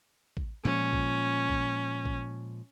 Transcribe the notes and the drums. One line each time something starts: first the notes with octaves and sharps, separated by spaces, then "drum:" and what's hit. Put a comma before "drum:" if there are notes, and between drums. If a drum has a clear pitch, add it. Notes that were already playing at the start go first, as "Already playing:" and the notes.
drum: kick A1
A#2 F3 G#3 C#4
drum: kick A1
drum: kick A1
drum: kick A1